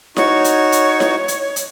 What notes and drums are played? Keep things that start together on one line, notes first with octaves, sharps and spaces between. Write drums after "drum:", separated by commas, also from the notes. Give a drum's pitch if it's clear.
D#4 F#4 C#5, drum: snare E4
drum: hi-hat
drum: hi-hat
drum: snare E4
drum: hi-hat
drum: hi-hat